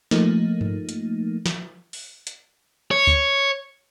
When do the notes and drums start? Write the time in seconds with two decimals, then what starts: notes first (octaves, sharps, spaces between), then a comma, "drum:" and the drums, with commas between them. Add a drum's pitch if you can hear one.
0.11 F3 A3 A#3 D#4, drum: snare
0.61 drum: tom G2
0.89 drum: hi-hat
1.46 drum: snare
1.93 drum: open hi-hat
2.27 drum: hi-hat
2.91 C#5
3.07 drum: kick D2